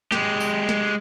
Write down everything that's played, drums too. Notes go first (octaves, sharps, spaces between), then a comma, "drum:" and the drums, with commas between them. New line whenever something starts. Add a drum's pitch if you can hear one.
G#3 G4, drum: snare
drum: tambourine
drum: snare